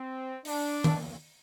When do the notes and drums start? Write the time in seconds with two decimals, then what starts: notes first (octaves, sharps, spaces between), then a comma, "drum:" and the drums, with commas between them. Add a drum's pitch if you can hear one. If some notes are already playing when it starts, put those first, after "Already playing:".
Already playing: C4
0.45 D4, drum: open hi-hat
0.84 drum: tom D#3